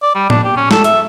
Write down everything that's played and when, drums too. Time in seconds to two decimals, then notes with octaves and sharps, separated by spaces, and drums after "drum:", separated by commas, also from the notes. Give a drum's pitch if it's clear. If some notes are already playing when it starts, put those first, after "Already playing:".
0.03 D5
0.15 G3
0.30 D4, drum: tom A2
0.44 G4
0.57 C#4
0.71 A4, drum: snare
0.84 E5, drum: hi-hat